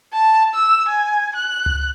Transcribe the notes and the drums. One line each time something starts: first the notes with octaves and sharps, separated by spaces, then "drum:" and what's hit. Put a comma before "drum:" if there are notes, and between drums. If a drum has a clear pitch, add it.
A5
E6
G#5
F#6
drum: tom C#2